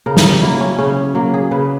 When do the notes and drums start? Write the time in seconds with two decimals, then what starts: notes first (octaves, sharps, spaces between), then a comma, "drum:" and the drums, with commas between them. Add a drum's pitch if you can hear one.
0.06 C#3 A#4
0.17 drum: snare
0.42 F#3 A#3 E4
0.60 C#4
0.78 C#3 C#4
1.15 F#3 A#3
1.34 G#4
1.51 C#3 B4